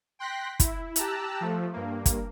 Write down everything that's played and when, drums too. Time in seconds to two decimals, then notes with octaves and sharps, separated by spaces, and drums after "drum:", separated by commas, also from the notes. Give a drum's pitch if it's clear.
0.19 G5 C6 F#6 A#6 B6
0.60 E4, drum: kick, hi-hat
0.96 G4 A5 A#5 E6 F#6, drum: hi-hat
1.41 F3 A3
1.73 G2 A#3
2.06 drum: kick, hi-hat